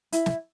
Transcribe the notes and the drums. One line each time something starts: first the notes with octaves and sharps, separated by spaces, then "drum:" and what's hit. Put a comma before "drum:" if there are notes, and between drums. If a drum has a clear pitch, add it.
E4, drum: hi-hat
drum: snare